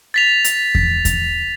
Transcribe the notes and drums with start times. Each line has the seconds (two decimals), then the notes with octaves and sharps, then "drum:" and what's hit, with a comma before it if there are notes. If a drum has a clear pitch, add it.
0.14 A6 B6 F7
0.44 drum: hi-hat
0.75 drum: kick E2
1.05 drum: kick E2, hi-hat